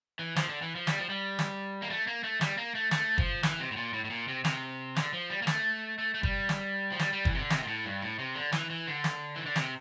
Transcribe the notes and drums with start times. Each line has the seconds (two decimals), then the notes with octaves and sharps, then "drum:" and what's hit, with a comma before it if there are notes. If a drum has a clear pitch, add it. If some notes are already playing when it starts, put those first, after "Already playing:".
0.19 E3
0.36 F3, drum: snare
0.49 D3
0.62 E3
0.75 F3
0.87 G3, drum: snare
0.99 F3
1.09 G3
1.39 drum: snare
1.82 A#3
1.90 A3
2.07 A#3
2.23 A3
2.41 G3, drum: snare
2.58 A#3
2.75 A3
2.91 A3, drum: snare
3.18 F3, drum: kick
3.43 E3, drum: snare
3.60 C3
3.72 A2
3.77 A#2
3.93 A2
4.05 A2
4.10 A#2
4.28 C3
4.45 C3, drum: snare
4.96 D3, drum: snare
5.13 F3
5.30 G3
5.42 A#3
5.47 A3, drum: snare
5.98 A3
6.14 A3
6.23 G3, drum: kick
6.49 drum: snare
6.92 F3
6.99 G3, drum: snare
7.13 G3
7.25 E3, drum: kick
7.34 C3
7.38 D3
7.50 C3, drum: snare
7.63 A#2
7.68 A2
7.85 G2
8.02 A2
8.19 C3
8.35 D3
8.52 E3, drum: snare
8.70 E3
8.88 D3
9.04 drum: snare
9.36 E3
9.46 D3
9.56 C3, drum: snare